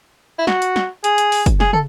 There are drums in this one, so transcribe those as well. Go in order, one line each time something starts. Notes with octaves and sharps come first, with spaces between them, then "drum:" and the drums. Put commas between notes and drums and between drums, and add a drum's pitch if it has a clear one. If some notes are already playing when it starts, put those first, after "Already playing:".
E4
F#4, drum: snare
drum: hi-hat
drum: snare
G#4, drum: hi-hat
drum: hi-hat
drum: open hi-hat
drum: kick, hi-hat
G#4, drum: snare
A4, drum: tom